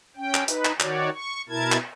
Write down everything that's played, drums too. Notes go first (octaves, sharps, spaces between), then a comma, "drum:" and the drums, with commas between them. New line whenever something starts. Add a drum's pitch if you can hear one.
C#4 G5
drum: clap
D#4 B4, drum: hi-hat
drum: clap
D#3 F#4 C#5 D5, drum: clap
C#6
B2 E4 A#4 A5 G#6
drum: clap